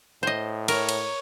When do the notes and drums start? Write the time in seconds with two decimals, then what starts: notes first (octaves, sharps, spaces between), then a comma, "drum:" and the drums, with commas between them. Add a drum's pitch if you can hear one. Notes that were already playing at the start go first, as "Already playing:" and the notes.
0.23 A2 C5 D#5
0.68 A#4 C#5, drum: cymbal
0.89 drum: cymbal